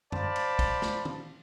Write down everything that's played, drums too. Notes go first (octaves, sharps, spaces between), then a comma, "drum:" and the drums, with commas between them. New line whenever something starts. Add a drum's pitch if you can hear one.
C5 D5 F5 A5 B5, drum: tom F#2
drum: cymbal
drum: kick, cymbal
drum: snare
drum: tom